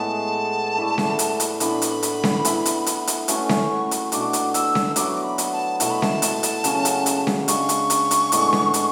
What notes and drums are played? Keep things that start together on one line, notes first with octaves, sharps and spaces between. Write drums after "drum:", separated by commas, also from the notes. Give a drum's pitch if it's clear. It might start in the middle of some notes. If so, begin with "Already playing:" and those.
Already playing: A2 G#3 B3 A5
A3 E4 B4 D5
drum: snare C#4
drum: hi-hat
drum: hi-hat
A2 E3 B3 D4 B5, drum: hi-hat
drum: hi-hat
drum: hi-hat
drum: snare C#4
E3 B3 E4, drum: hi-hat
drum: hi-hat
drum: hi-hat
drum: hi-hat
A3 C#4 F#4 B4 C#6, drum: hi-hat
drum: snare C#4
drum: hi-hat
B2 A3 D4 F#4 D6, drum: hi-hat
drum: hi-hat
E6, drum: hi-hat
drum: snare C#4
F#3 B3 F#4 D6, drum: hi-hat
B5
drum: hi-hat
A5
B2 A3 E4 A5, drum: hi-hat
B5
A5, drum: snare C#4
drum: hi-hat
drum: hi-hat
C#3 F#3 C#4, drum: hi-hat
drum: hi-hat
drum: hi-hat
drum: snare C#4
C#3 G#3 D4 C#6, drum: hi-hat
drum: hi-hat
drum: hi-hat
drum: hi-hat
A2 G#3 B3 D4, drum: hi-hat
drum: snare C#4
drum: hi-hat